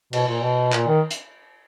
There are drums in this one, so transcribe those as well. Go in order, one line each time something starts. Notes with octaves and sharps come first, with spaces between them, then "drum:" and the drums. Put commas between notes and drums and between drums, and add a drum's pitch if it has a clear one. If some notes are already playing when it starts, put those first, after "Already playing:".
B2, drum: cymbal
A#2
B2
A#2, drum: clap
D#3
drum: hi-hat